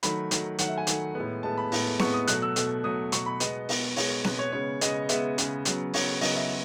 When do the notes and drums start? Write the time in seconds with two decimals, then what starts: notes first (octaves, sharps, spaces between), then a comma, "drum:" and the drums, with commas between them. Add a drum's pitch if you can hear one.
0.03 D#3 F#3 A3 B5, drum: hi-hat
0.31 D#3 F#3 A3, drum: hi-hat
0.59 D#3 F#3 A3 F#5, drum: hi-hat
0.69 E5
0.78 G#5
0.87 D#3 F#3 A3, drum: hi-hat
1.15 A2 G#3 B3
1.43 A2 G#3 B3 A5
1.58 B5
1.72 A2 G#3 B3, drum: open hi-hat
1.99 A2 G#3 B3 C#6, drum: snare C4
2.14 D#6
2.27 B2 F#3 A3 F#6, drum: hi-hat
2.42 E6
2.56 B2 F#3 A3, drum: hi-hat
2.84 B2 F#3 A3 D#6
3.12 B2 F#3 A3 C#6, drum: hi-hat
3.26 B5
3.40 B2 G#3 B3 D#5, drum: hi-hat
3.69 B2 G#3 B3, drum: open hi-hat
3.96 B2 G#3 B3 C#5, drum: open hi-hat
4.24 B2 G#3 B3 B4, drum: snare C4
4.39 C#5
4.52 C#3 G#3 B3 C#5
4.81 C#3 G#3 B3 D#5, drum: hi-hat
5.09 C#3 G#3 B3 E5, drum: hi-hat
5.38 C#3 G#3 B3, drum: hi-hat
5.65 C#3 F#3 B3, drum: hi-hat
5.94 C#3 F#3 B3 C#5, drum: open hi-hat
6.21 C#3 F#3 B3 D#5, drum: open hi-hat
6.36 E5